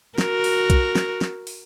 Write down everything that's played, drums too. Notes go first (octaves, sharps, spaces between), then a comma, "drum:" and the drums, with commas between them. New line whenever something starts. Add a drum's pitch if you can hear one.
F#4 A#4, drum: snare
drum: open hi-hat
drum: kick B1, hi-hat
drum: snare
drum: snare
drum: open hi-hat